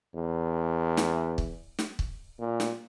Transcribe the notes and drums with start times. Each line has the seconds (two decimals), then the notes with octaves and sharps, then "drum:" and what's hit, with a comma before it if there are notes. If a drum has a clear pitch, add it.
0.14 E2
0.97 drum: snare
1.38 drum: kick
1.79 drum: snare
1.99 drum: kick
2.39 A#2
2.60 drum: snare